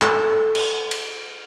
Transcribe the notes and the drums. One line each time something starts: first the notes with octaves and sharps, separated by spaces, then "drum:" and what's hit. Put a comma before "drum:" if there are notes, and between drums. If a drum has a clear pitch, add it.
A4, drum: clap
drum: cymbal
drum: cymbal